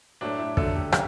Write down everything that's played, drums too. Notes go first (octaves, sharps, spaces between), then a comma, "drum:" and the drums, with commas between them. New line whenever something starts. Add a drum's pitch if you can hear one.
A2 F#3 A3 D4
E4
D3 F#3 A3 A4, drum: kick
G4
C#3 G4, drum: rim click